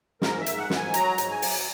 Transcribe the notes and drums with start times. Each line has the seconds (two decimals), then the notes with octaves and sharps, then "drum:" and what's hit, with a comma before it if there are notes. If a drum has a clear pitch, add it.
0.22 G#2 A#4, drum: snare
0.40 E5
0.46 G#2, drum: hi-hat
0.58 F#5
0.70 G#2, drum: snare
0.76 G#5
0.94 F#3 A#5, drum: hi-hat
1.18 G#2, drum: hi-hat
1.30 G#5
1.42 F#3, drum: open hi-hat